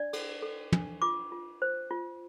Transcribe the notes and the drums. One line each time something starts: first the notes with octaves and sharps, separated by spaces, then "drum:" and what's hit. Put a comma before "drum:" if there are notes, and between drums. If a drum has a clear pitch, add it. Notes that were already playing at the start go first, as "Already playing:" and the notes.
Already playing: D4 D5
A4, drum: cymbal
A4
D4, drum: tom
F4 D6
F4
C5
F4